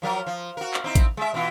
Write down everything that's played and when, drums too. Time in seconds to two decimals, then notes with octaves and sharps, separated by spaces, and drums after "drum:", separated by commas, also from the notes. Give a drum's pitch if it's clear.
0.02 F3 F#3 A#4
0.26 F3
0.57 F#4 A#4
0.74 drum: clap
0.84 C4 D#4 E4
0.95 drum: kick A1, hi-hat
1.17 G#3 E5
1.34 B2 E3 F4